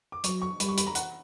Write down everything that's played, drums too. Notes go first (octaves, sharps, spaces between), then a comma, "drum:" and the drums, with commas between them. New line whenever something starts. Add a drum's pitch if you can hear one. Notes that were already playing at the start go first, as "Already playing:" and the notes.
D6
F#3 C#6, drum: hi-hat
C#6
G3 B5, drum: hi-hat
C#6
B5, drum: hi-hat
A#5
F#5, drum: hi-hat